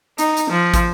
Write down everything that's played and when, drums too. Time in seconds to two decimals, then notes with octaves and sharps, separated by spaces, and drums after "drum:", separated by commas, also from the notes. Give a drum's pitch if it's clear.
0.18 D#4, drum: hi-hat
0.37 drum: hi-hat
0.50 F3
0.74 drum: kick, hi-hat